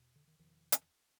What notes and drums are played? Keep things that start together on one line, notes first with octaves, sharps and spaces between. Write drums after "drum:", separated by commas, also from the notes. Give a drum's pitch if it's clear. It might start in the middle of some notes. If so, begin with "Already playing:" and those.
Already playing: E2 B2
D3
D#3
E2 B2 D#3 F3
drum: hi-hat